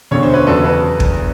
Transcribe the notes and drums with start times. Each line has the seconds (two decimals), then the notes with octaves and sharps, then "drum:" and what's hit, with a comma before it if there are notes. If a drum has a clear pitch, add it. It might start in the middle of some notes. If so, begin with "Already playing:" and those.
0.11 E1 D2 D3 C#5
0.23 C5
0.34 B4 C#5
0.47 E2 C#3 F#3 A4 B4
0.64 A4 B4
1.00 drum: kick